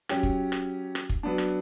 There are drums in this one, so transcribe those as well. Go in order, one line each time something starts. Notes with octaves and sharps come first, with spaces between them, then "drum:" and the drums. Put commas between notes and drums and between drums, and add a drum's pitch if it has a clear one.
F#3 C#4 G4, drum: rim click
drum: kick
drum: rim click
drum: rim click
drum: kick
F#3 B3 D4
drum: rim click